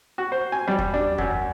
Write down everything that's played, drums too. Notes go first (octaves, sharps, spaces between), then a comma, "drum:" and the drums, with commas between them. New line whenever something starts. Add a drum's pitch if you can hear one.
F#4
C5
G#5
G3
drum: kick
D4
F#2, drum: kick